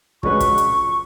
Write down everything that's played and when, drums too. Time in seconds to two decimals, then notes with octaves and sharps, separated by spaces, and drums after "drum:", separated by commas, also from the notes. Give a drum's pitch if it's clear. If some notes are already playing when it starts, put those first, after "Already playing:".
0.23 F3 G#3 C#4 F#4 B4 C#6, drum: kick
0.40 drum: kick, hi-hat
0.58 drum: hi-hat